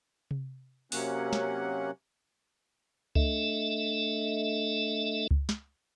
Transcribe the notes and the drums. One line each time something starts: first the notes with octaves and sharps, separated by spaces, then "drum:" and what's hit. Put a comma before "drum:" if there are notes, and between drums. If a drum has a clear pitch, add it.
drum: tom C3
C3 F#3 A#3 C#4 F#5, drum: open hi-hat
drum: snare
A3 D4 A4 D#5 E5, drum: kick C#2
drum: kick C#2
drum: snare